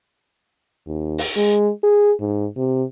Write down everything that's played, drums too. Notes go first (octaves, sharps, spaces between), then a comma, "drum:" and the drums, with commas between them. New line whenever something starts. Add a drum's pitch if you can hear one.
D#2
drum: open hi-hat
G#3
G#4
G#2
C3